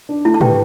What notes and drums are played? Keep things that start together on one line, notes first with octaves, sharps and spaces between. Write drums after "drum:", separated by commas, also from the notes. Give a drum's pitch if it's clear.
D4
A3 E4
A5
G4 B4 G5, drum: tom